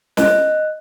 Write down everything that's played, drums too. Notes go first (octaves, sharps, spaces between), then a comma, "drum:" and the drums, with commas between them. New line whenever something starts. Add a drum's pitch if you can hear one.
D#5 F#6, drum: snare